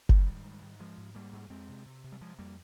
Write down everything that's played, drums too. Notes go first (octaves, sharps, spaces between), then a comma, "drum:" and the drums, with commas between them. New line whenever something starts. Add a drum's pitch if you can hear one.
G#2 D#3 G3, drum: kick F#1
G#2
G#2
G#2
G#2 F3 G#3
G#2
G#2 G3 A#3
G#2
F2 G#3 C4
C3
C3
C3
G3
C3 F3 G#3
F2 G3 A#3